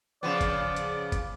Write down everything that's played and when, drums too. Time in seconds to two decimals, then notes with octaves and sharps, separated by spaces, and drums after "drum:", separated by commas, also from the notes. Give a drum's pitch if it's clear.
0.23 C#3 F3 B3 D5
0.41 drum: kick, hi-hat
0.77 drum: hi-hat
1.12 drum: kick, hi-hat